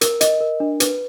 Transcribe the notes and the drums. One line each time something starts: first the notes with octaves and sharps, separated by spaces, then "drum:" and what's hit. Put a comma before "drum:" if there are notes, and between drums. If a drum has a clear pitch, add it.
A#4, drum: hi-hat
D#5, drum: hi-hat
A#4
D4
B4, drum: hi-hat